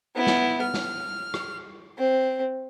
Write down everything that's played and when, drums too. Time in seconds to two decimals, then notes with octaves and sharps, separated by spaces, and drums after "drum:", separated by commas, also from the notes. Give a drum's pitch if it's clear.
0.15 B3 E4
0.27 drum: snare
0.62 F6
0.74 drum: snare
1.34 drum: rim click
1.98 C4